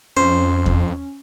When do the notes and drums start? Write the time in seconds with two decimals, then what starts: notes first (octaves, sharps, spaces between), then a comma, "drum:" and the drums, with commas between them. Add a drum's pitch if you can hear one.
0.17 F2 C#4 C5
0.66 drum: kick E2